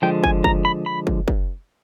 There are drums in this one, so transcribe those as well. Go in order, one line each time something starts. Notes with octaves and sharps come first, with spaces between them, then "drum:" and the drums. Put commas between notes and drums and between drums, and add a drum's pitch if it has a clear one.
D3 F3 G#3 G5
G#5, drum: kick
A#5, drum: kick
B5
B5
drum: kick
drum: kick